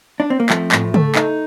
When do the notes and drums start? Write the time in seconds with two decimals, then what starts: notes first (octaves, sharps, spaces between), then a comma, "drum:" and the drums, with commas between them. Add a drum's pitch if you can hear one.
0.20 D4
0.30 C4
0.40 A#3
0.50 F3 A3 C4, drum: clap
0.72 A2, drum: clap
0.94 A3, drum: tom
1.15 D#4, drum: clap